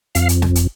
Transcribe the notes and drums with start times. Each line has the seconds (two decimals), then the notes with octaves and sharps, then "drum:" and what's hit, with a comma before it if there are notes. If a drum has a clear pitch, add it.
0.15 F2 F5, drum: hi-hat
0.29 drum: hi-hat
0.42 drum: snare
0.55 drum: hi-hat